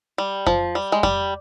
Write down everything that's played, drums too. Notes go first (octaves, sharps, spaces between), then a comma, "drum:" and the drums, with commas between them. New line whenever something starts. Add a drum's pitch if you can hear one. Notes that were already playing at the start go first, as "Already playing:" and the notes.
G3
F3, drum: kick F2
G3
G#3
G3, drum: kick F2